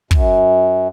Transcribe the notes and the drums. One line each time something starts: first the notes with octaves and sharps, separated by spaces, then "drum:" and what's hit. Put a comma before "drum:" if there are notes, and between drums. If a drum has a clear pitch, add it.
F#2, drum: kick